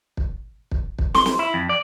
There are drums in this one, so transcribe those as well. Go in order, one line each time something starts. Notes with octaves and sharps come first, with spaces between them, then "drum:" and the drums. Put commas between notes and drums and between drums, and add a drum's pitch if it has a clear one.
drum: kick
drum: kick
drum: kick
C6, drum: snare
drum: snare
E4
F2
D5